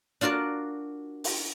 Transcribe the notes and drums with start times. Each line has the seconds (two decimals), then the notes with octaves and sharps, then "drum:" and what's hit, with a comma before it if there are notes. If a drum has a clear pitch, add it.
0.21 D4 F4 F#4 A#4 D5
1.24 drum: open hi-hat